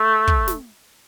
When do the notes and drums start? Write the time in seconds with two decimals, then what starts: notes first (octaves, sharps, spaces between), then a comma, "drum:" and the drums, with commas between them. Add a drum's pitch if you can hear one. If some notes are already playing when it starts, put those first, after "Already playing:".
Already playing: A3
0.27 drum: kick
0.48 drum: snare